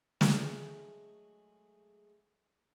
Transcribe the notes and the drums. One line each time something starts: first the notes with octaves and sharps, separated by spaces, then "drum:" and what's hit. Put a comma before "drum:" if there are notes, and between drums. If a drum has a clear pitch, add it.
F#3 G#3 A3, drum: snare